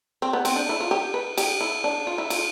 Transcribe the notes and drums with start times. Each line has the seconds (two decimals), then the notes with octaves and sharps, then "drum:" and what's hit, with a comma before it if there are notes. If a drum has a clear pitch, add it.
0.22 C4
0.33 B3
0.45 C4, drum: cymbal
0.56 D4
0.69 E4
0.80 F4
0.91 G4
1.14 B4
1.38 G4, drum: cymbal
1.61 E4
1.84 D4
2.07 F4
2.18 E4
2.30 F4, drum: cymbal